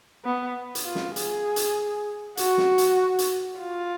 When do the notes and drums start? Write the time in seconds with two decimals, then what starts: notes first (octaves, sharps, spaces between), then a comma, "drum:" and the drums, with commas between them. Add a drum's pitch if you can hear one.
0.25 B3
0.75 drum: hi-hat
0.85 F4
0.95 drum: snare
1.16 G#4, drum: hi-hat
1.56 drum: hi-hat
2.37 F#4, drum: hi-hat
2.58 drum: snare
2.78 drum: hi-hat
3.19 drum: hi-hat
3.59 F4